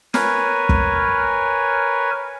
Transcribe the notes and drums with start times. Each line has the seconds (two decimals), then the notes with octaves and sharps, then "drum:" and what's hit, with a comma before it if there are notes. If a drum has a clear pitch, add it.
0.14 A#4 B4 C#5 G#5, drum: snare
0.69 drum: kick